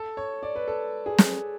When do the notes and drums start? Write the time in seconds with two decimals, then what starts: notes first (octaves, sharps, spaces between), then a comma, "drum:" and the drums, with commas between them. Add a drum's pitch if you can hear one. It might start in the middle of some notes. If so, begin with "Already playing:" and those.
Already playing: A4
0.17 C#5
0.43 D5
0.56 B4
0.68 A4
1.06 G#4
1.18 drum: snare